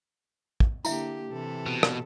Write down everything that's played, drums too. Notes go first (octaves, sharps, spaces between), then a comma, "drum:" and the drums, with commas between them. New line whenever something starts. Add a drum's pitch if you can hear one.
drum: kick
D3 A#3 E4 G4 E5, drum: tambourine
C3 E3 A4
B2
drum: rim click